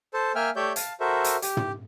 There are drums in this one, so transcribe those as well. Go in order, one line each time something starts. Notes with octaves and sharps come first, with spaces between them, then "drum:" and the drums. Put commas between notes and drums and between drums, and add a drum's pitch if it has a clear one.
A4 C5 A5
A#3 E5 G5 G#5 F6
A3 G4 C#5 D5 E5 G6
F5 A5, drum: hi-hat
F#4 A4 A#4 C5 E5
drum: hi-hat
G4, drum: hi-hat
drum: tom